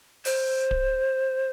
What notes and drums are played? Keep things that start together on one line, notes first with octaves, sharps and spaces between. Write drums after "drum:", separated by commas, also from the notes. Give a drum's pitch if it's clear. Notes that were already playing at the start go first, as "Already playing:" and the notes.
C5, drum: open hi-hat
drum: kick D1